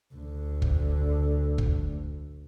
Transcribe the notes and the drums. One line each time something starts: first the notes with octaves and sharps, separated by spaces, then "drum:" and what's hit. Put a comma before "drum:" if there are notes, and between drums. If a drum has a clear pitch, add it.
D2 D3
drum: kick
drum: kick